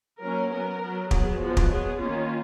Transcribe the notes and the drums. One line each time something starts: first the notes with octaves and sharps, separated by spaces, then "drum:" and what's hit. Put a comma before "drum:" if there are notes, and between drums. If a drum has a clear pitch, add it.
F#3 A#3 C#4 A#4
F#3 B3 A#4
F#3 B3
F#3 B3 G#4, drum: kick
F3 G#3 B3 F#4
drum: kick
F#3 B3 G#4
D#3 A#3 C#4 F4